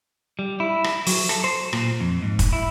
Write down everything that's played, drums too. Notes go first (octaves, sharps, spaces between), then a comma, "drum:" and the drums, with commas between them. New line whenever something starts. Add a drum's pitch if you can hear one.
G3
E4
drum: rim click
F#3, drum: open hi-hat
A4, drum: rim click
C5
A#2, drum: rim click
F2
G#2
drum: kick, hi-hat
E4